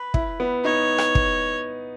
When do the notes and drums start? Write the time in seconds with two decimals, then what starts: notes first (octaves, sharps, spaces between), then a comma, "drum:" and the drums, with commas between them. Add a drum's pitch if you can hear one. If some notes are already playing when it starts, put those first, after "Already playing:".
Already playing: B4
0.14 E4, drum: kick
0.40 B3
0.64 D#4 C#5
0.98 drum: rim click
1.15 drum: kick